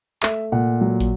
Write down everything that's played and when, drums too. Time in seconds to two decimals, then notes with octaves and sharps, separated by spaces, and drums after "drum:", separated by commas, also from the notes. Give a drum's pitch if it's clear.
0.23 A3 E5, drum: clap
0.52 A#2 F#5
0.81 F#3
1.00 drum: kick, hi-hat